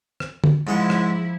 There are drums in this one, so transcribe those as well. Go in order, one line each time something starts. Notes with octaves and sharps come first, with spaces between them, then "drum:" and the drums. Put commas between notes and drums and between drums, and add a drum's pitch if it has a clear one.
drum: rim click
drum: tom
G#2 F3 G#3 E4 F#5
drum: rim click